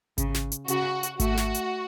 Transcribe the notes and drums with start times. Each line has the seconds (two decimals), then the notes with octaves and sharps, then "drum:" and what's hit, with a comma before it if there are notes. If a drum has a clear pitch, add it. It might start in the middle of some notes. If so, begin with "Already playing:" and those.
0.18 C#3, drum: kick G#1, hi-hat
0.34 drum: snare
0.52 drum: hi-hat
0.68 C#3 F#4, drum: hi-hat
1.03 drum: hi-hat
1.20 A3 F#4, drum: kick G#1, hi-hat
1.37 drum: snare
1.54 drum: hi-hat